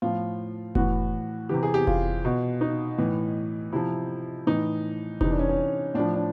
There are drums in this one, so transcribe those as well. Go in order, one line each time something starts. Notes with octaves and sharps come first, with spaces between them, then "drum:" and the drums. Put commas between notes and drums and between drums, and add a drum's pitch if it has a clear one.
A2 F3 F4
A2 E3 F#4, drum: kick F1
C3 E3 G4
G#4
G4
F4, drum: kick F1
B2
D#4
A2 E3
C3 F3 E4
A2 E3 D#4
C3 E3 D#4, drum: kick F1
D4
C#4
C#4
A2 F3 D4
D4